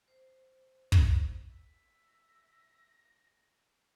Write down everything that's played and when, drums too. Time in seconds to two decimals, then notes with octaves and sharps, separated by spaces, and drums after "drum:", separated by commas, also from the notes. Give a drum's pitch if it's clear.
0.08 C5
0.92 drum: kick
1.52 E5
2.07 A#6